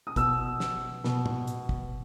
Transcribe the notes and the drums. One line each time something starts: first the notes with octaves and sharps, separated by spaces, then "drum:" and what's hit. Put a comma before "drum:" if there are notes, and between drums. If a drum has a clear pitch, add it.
D#6
B2 E6, drum: kick, hi-hat
drum: snare
B2, drum: snare
drum: tom
drum: hi-hat
drum: kick